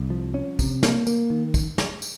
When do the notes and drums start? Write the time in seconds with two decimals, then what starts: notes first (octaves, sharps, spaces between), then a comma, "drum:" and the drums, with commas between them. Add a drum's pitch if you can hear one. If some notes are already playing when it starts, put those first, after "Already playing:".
Already playing: C2
0.10 F3
0.34 C#4
0.59 C3, drum: kick, tambourine
0.83 A#3, drum: snare
1.07 A#3, drum: tambourine
1.30 D#3
1.54 drum: kick, tambourine
1.78 drum: snare
2.02 drum: tambourine